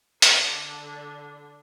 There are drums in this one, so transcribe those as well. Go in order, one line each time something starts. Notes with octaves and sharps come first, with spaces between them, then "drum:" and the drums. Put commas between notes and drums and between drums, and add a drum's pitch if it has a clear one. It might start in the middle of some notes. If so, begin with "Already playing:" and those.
D3 D4, drum: hi-hat